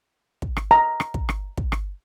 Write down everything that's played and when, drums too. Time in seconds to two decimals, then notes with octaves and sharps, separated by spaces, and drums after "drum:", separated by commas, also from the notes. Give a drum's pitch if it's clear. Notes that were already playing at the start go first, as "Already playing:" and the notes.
0.42 drum: kick
0.57 drum: rim click
0.71 A#5
1.00 drum: rim click
1.14 drum: kick
1.29 drum: rim click
1.57 drum: kick
1.72 drum: rim click